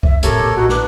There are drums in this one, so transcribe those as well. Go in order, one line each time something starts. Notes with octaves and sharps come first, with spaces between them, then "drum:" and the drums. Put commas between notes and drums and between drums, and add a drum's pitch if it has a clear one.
E5, drum: kick C2
A2 C4 G4 A4 A#4 C#5, drum: hi-hat
A#2
A#1 D#4 F#4 F#5
D4 B4, drum: snare